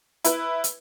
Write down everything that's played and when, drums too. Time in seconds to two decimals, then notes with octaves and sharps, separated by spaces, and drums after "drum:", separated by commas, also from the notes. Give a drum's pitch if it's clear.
0.24 E4 B4, drum: hi-hat
0.64 drum: hi-hat